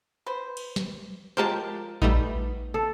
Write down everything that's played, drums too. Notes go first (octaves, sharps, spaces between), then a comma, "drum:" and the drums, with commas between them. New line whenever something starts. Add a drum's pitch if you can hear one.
B4 C5
drum: cymbal
drum: snare
F3 G#3 G4 A#4 C5 G5 A5
G3 A3 B3 D#4, drum: kick A#1
A4